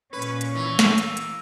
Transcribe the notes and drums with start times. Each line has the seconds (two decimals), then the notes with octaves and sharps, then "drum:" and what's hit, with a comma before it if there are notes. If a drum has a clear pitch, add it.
0.13 A#2 C#4 B4 C#5
0.22 drum: hi-hat
0.41 drum: hi-hat
0.55 E3
0.79 drum: snare
0.98 A#3, drum: hi-hat
1.17 drum: hi-hat